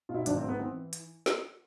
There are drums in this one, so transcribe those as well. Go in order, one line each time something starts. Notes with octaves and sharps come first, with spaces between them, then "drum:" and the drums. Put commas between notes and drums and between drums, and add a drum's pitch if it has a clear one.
B2 F4
E4
G#1 D4, drum: hi-hat
C4
G#2
B3
E3 C4
drum: hi-hat
drum: snare